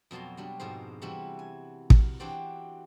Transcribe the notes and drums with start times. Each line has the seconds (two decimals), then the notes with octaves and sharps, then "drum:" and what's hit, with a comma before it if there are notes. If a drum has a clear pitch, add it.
0.11 F2 B2 F#3 A5 C6
0.37 F#3 G3 D4
0.60 F2 G#2 B2 C5
1.02 C3 E3 G3 E4 F#4
1.39 G#5
1.90 drum: kick
2.20 E3 D4 F#4 G4 C5 D5